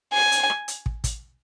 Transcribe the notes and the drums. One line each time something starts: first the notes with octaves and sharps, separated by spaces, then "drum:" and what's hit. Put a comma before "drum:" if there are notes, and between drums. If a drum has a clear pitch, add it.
G#5
drum: hi-hat
drum: rim click
drum: hi-hat
drum: kick
drum: kick, hi-hat